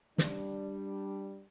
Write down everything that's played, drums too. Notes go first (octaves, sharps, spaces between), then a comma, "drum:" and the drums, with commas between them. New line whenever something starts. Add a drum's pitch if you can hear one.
G3 D4, drum: snare